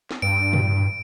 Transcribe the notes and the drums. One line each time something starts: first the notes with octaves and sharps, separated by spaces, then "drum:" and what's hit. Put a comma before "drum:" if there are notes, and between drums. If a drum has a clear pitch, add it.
drum: snare
G2 D7
drum: tom A2